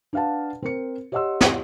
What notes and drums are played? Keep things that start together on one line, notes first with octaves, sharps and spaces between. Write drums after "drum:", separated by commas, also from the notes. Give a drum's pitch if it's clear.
D4 B4 F5 F#5 A5
C4 A#4 C#7
G4 C#5 D#5 F#5 C6 E6
drum: snare